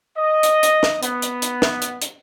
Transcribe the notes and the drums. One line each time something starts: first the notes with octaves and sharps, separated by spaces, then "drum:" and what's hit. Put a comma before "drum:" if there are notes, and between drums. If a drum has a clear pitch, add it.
D#5
drum: hi-hat
drum: hi-hat
drum: snare
B3, drum: hi-hat
drum: hi-hat
drum: hi-hat
drum: snare
drum: hi-hat
drum: hi-hat